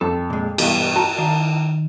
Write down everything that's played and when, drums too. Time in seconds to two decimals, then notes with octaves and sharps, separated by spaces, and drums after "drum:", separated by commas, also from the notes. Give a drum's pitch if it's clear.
0.01 F2 A4
0.30 A#2 G#3
0.58 G2 B2 E3 G4, drum: cymbal
0.96 F#4 A5 A#5
1.18 D#3 D5 F5